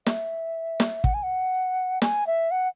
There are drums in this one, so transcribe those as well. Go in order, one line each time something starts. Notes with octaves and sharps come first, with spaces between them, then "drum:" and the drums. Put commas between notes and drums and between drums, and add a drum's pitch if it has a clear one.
E5, drum: snare
drum: snare
F#5, drum: kick
G#5
F#5
G#5, drum: snare
E5
F#5